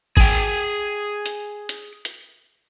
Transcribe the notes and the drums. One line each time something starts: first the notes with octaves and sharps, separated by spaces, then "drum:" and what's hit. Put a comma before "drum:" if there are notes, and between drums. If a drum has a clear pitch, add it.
G#4 G5, drum: kick G#1
drum: hi-hat
drum: hi-hat
drum: hi-hat